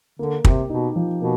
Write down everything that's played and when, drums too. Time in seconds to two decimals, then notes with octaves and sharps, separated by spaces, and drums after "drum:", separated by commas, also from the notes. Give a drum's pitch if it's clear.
0.19 D3 A#3
0.45 C3 G4, drum: kick
0.70 B2 D#4
0.96 F3
1.21 B2 A#3